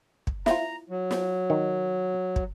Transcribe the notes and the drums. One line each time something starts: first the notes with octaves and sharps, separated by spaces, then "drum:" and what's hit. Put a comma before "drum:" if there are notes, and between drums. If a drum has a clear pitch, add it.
drum: kick
E4 F4 A#5, drum: snare
F#3
drum: snare
D#3
drum: kick